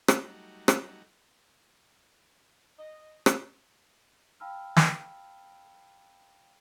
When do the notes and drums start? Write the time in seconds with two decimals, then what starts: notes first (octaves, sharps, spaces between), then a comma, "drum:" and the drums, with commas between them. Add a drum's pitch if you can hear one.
0.08 F#3 G3 A3 D#4 F#4, drum: rim click
0.68 drum: rim click
2.79 D#5
3.26 drum: rim click
4.40 F5 G5 A5 B5 E6 F6
4.76 drum: snare